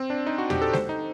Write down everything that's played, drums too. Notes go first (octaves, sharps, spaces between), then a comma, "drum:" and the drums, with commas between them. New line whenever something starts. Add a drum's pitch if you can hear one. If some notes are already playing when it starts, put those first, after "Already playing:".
Already playing: C4
D4
D#4
F#4
G4, drum: tom
A4
C5, drum: snare G#3
D#4